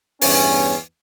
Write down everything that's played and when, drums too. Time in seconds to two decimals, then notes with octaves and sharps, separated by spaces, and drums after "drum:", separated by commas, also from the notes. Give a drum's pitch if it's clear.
0.21 E2 G2 B3 C#4, drum: open hi-hat